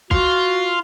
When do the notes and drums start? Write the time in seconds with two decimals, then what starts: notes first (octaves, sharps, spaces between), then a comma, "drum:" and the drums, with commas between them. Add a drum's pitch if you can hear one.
0.11 F4 F#4, drum: kick